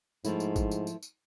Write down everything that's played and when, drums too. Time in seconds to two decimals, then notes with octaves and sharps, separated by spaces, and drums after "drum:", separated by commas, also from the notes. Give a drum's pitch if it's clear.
0.25 G#2 F3 A3 E4, drum: tambourine
0.40 drum: tambourine
0.56 drum: kick, tambourine
0.71 drum: tambourine
0.87 drum: tambourine
1.03 drum: tambourine